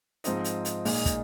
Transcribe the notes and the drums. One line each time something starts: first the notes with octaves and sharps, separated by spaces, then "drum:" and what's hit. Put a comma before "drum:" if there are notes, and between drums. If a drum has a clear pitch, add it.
G#2 F3 C4 D#4 D#5, drum: hi-hat
drum: hi-hat
drum: hi-hat
A#2 G#3 D#4, drum: open hi-hat
drum: kick, hi-hat